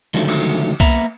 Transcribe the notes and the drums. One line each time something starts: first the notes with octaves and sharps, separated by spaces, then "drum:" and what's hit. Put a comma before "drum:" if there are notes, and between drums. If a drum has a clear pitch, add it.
C#2 D3 D#3 F3 F#3 A3
drum: cymbal
A#3 B3 E5 A#5 B5, drum: kick C2